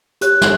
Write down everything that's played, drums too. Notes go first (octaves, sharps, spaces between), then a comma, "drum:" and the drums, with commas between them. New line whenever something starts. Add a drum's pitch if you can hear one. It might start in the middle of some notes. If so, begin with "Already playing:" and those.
G4 C#5 F#6, drum: hi-hat
drum: snare